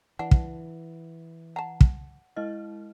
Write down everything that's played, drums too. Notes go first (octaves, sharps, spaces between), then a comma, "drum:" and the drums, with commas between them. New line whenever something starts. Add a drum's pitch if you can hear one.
E3 D4 F#5
drum: kick
F#5 A5 A#5
drum: kick
G#3 E4 D#5 F6